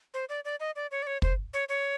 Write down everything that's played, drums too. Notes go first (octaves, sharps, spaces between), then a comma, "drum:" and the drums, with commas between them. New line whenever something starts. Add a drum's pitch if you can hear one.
C5
D5
D5
D#5
D5
C#5
D5
C#5
C5, drum: kick
C#5
C#5